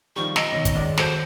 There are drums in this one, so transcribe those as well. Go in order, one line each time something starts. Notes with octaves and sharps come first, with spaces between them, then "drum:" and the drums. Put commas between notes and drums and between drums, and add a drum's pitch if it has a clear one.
D#3 F3 G3 C#6
D#5 A#5 E6, drum: snare
B2 D#3 C#5
drum: kick, hi-hat
C#2 D5
F#4 A4 C5, drum: snare